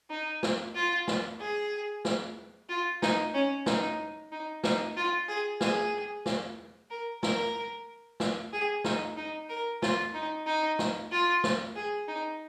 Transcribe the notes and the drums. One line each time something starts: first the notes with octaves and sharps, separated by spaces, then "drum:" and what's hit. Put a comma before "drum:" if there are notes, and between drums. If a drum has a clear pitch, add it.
D#4
drum: snare
F4
drum: snare
G#4
drum: snare
F4
D#4, drum: snare
C#4
D#4, drum: snare
D#4
D#4, drum: snare
F4
G#4
G#4, drum: snare
drum: snare
A#4
A#4, drum: snare
drum: snare
G#4
D#4, drum: snare
D#4
A#4
F4, drum: snare
D#4
D#4
drum: snare
F4
drum: snare
G#4
D#4